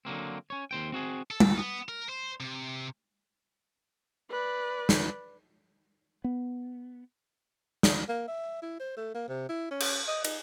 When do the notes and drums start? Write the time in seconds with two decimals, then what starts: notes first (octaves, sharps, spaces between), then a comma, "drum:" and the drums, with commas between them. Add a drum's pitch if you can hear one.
0.05 D3 F#3 A#3 C4
0.50 C#4 C#5
0.71 D#2 C5 G5
0.92 C4 F#4 G#4
1.31 A4
1.40 drum: tom
1.58 B3
1.88 A#4
2.09 C5
2.40 C3
4.31 B4 D5
4.89 drum: snare
6.24 B3
7.83 drum: snare
8.09 A#3
8.28 E5
8.62 E4
8.80 C5
8.97 A3
9.14 A#3
9.29 C3
9.49 E4
9.71 C#4
9.80 drum: cymbal
10.08 D#5
10.24 D#4, drum: cymbal